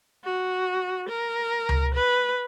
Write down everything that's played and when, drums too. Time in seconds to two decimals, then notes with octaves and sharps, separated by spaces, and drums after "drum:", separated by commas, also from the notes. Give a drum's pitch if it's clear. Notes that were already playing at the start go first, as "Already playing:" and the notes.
0.25 F#4
1.09 A#4
1.69 drum: tom C#2
1.94 B4